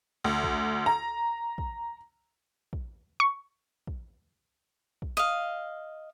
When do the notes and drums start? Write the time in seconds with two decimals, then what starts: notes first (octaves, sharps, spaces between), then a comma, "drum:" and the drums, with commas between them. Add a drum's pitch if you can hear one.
0.24 D2
0.44 drum: kick
0.86 A#5
1.58 drum: kick
2.73 drum: kick
3.20 C#6
3.87 drum: kick
5.02 drum: kick
5.17 D#5 F5